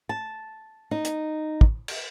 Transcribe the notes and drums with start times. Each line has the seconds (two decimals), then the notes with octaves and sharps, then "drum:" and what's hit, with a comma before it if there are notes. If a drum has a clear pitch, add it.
0.09 A5
0.91 D#4
1.05 drum: hi-hat
1.61 drum: kick
1.88 drum: cymbal